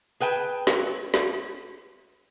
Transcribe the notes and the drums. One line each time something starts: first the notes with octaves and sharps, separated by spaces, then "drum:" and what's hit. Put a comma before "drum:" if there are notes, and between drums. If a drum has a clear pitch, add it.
G#4 B4 G5 A5
drum: snare
drum: snare